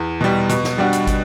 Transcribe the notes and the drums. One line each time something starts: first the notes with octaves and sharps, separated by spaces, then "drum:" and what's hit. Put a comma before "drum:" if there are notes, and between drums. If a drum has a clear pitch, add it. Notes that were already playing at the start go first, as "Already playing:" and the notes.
Already playing: E2
B2 G3
B2, drum: hi-hat
drum: snare
G3 D4 F#4
drum: hi-hat
drum: kick, hi-hat